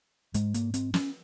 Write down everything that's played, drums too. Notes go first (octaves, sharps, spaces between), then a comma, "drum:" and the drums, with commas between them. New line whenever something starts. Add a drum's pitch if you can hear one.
G#2 G#3, drum: hi-hat
A#3, drum: hi-hat
C4, drum: hi-hat
C#4, drum: snare